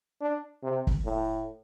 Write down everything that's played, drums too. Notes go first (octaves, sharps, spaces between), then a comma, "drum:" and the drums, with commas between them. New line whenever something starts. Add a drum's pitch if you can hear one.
D4
C3
drum: kick
A2